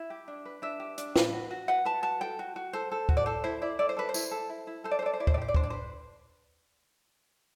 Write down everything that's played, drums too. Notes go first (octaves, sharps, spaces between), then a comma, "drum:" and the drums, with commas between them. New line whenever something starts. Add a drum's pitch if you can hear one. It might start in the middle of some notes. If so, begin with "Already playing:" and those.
Already playing: E4 E5
G4
D4
B4
D4 E5
G4
D4, drum: hi-hat
B4, drum: snare
F#4
F#4
B4 F#5
B4 A5
F#4 A5
A4 G5
F#4
F#4
A4 C5
A4
F#4, drum: kick
D5
A4 C5
E4 C5
E4 D5
A4 D5
C5
A4 B4
C5
E4, drum: tambourine
A4
E4
E4
A4 C5
D5
C5
A4 D5
C5
E4 D5
C5, drum: kick
D5
G4 C5
D5
D4 C5, drum: kick
D5
B4 C5